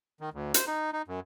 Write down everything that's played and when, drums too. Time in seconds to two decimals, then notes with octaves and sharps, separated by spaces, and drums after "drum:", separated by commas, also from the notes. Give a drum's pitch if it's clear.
0.20 D#3
0.33 D2
0.54 C5, drum: hi-hat
0.67 D#4
0.93 D#4
1.08 F#2